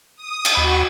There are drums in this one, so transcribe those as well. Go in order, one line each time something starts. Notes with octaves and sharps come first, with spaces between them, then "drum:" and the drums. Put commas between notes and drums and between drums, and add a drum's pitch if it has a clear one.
D#6
drum: cymbal
D#2 F#4 B5 C#6